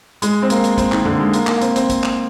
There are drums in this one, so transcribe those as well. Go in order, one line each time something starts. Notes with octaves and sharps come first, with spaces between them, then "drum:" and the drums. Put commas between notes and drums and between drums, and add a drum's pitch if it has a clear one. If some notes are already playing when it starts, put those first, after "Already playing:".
G#3, drum: hi-hat
C4
A#3, drum: hi-hat
drum: hi-hat
C4, drum: kick, hi-hat
D#3, drum: clap
D3, drum: tom
G#3
A#3, drum: hi-hat
A#3, drum: clap
C4, drum: hi-hat
C4, drum: hi-hat
drum: kick, hi-hat
drum: clap